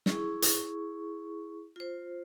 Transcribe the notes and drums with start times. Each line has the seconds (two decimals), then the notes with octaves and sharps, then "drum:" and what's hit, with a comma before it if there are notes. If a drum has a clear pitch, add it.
0.06 E4 G#4 C#6, drum: snare
0.42 drum: hi-hat
1.76 F4 C5